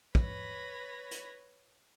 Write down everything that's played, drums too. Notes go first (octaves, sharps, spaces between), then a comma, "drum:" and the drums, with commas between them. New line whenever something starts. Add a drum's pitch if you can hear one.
B4 C#5 B5 A#6, drum: kick
drum: hi-hat